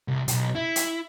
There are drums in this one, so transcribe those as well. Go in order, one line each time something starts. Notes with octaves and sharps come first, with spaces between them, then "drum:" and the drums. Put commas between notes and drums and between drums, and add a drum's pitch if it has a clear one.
C2
B1, drum: hi-hat
E4
drum: hi-hat